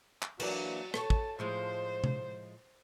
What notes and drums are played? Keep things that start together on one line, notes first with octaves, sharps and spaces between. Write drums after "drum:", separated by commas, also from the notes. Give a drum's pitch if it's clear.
drum: clap
E3 F#3 A#3 D4, drum: cymbal
A4 C#5 A5, drum: rim click
drum: kick
A2 F3 G#3 C5
drum: tom C3